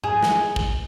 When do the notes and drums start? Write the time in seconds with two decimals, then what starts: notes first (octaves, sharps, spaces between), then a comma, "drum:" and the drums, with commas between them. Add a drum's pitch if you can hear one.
0.04 G#4, drum: tom G#2
0.23 drum: snare
0.56 drum: kick